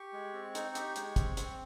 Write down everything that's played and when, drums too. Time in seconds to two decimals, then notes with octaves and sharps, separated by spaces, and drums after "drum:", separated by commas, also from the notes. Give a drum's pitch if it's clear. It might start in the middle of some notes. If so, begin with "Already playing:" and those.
Already playing: G4 C#6
0.13 G#3
0.33 C4
0.55 D#4, drum: hi-hat
0.75 G4, drum: hi-hat
0.96 G#3, drum: hi-hat
1.16 C4, drum: kick, hi-hat
1.37 C4, drum: hi-hat